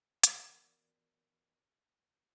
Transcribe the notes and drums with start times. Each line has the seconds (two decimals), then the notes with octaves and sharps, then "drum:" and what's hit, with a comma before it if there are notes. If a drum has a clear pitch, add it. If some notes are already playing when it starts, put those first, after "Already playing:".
0.24 E3 B3 F#4 A#4 D5, drum: hi-hat